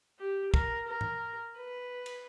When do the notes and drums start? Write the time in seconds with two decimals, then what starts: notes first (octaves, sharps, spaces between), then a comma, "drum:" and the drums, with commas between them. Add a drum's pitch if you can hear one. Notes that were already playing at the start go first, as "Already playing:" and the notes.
0.19 G4
0.54 A#4, drum: kick
0.88 A#4
1.01 drum: tom G#2
1.57 B4
2.06 drum: cymbal